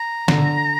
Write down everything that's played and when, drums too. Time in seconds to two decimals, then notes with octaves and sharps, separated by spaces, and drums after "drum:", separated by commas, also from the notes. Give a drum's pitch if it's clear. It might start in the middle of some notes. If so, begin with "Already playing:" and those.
Already playing: A#5
0.28 D3, drum: snare